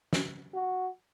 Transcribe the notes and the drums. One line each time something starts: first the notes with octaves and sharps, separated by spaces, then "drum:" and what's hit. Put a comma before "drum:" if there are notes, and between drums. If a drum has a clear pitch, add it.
drum: snare
F#4